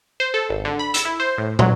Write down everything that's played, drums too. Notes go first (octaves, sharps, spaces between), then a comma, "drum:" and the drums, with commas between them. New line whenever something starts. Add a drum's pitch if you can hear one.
C5
A4
G#1
D3
B5
E6, drum: hi-hat
E4
C5
A2
F#3, drum: tom